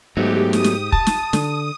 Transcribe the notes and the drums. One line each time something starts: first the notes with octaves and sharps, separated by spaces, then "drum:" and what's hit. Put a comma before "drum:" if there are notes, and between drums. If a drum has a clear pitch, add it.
G#2 F#3 A3 B3 G4
D#6, drum: snare
drum: snare
A5, drum: kick
drum: snare
D3, drum: snare